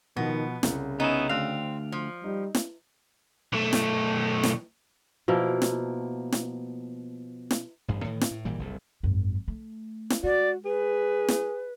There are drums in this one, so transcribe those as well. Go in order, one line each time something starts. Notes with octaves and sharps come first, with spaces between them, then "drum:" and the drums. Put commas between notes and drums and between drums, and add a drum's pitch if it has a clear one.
B2 D#3 F3 B3 A#6
C2 C#3, drum: snare
B3 C#4 D#4 E4
D2 C4 D5 F5 E6 F#6
F3
G3 D#4
drum: snare
B1 A3
drum: snare
drum: snare
B2 F3 A#3 E4
drum: snare
drum: snare
drum: snare
A1 G2
A2 D#3 E3
drum: snare
A2
G#1 A#2 E3 G3
F#1 C2
G#1 F#2
A3
drum: snare
G#3 F#4 D5
G#4 B4
drum: snare